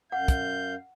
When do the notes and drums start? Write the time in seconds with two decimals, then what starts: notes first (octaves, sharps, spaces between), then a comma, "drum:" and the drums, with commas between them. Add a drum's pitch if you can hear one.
0.12 F#2 F5 F#5 G6
0.28 drum: kick, hi-hat